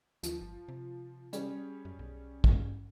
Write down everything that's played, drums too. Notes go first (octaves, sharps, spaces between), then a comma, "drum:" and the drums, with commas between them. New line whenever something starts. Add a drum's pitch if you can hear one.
D2 F3, drum: hi-hat
G1
C3
G3 C#4 G#4, drum: hi-hat
F#2
B1
drum: kick